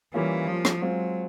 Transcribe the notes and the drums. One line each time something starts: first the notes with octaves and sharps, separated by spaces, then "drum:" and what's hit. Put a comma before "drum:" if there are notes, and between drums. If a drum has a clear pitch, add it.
E3 G3 A#3 C#4 F4
F3
drum: rim click
F#3 G#3 C4 F4